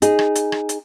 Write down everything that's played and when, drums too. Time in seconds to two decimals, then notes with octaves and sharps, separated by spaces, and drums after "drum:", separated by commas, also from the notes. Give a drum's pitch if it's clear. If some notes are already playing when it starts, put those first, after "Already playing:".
0.02 D#4 G#4, drum: hi-hat
0.19 drum: rim click
0.35 drum: hi-hat
0.52 drum: rim click
0.69 drum: hi-hat